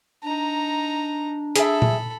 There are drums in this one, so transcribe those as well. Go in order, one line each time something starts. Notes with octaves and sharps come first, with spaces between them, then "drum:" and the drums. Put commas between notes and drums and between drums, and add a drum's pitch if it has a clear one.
D4 D#4 A#5
G#4 A4 E5 B5, drum: hi-hat
drum: tom A#2